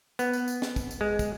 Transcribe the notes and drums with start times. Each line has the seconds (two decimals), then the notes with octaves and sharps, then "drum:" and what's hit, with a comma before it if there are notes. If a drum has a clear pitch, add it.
0.19 B3, drum: tambourine
0.33 drum: tambourine
0.48 drum: tambourine
0.62 drum: snare
0.76 drum: kick, tambourine
0.91 drum: tambourine
1.01 G#3
1.19 drum: kick, tambourine